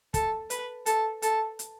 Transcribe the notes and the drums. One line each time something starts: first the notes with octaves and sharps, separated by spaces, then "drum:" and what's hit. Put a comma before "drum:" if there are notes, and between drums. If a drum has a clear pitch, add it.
A4, drum: kick, hi-hat
B4, drum: hi-hat
A4, drum: hi-hat
A4, drum: hi-hat
drum: hi-hat